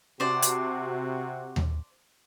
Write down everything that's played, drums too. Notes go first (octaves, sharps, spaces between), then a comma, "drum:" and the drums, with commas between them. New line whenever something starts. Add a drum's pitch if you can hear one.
C3 F#4 C5 D5 A5
drum: hi-hat
drum: tom D#2